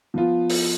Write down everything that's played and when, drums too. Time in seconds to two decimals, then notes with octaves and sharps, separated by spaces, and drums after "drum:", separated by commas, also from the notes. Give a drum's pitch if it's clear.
0.14 F3 B3 F4
0.50 drum: open hi-hat